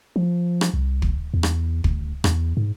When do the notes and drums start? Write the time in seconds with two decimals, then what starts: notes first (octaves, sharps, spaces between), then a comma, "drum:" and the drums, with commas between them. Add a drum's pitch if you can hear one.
0.16 F3
0.61 drum: rim click
0.74 C2
1.02 drum: kick
1.34 E2
1.43 drum: rim click
1.84 D2, drum: kick
2.24 E2, drum: rim click
2.57 G#2